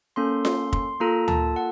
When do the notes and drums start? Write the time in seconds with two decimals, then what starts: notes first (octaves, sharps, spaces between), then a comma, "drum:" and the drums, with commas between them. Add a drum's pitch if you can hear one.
0.16 A#3 C#4 A4 C6
0.45 C6, drum: snare F4
0.73 C6, drum: kick
1.00 A#3 F4 A4 A#5
1.28 A5, drum: tom D2
1.56 F#5